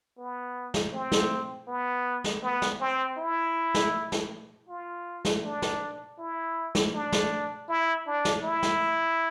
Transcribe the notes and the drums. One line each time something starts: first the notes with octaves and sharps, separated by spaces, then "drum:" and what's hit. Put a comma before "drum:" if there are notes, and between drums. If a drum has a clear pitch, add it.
B3
drum: snare
C4
drum: snare
B3
drum: snare
B3
drum: snare
C4
E4
drum: snare
drum: snare
F4
drum: snare
D4
drum: snare
E4
drum: snare
D4
drum: snare
E4
D4
drum: snare
E4
drum: snare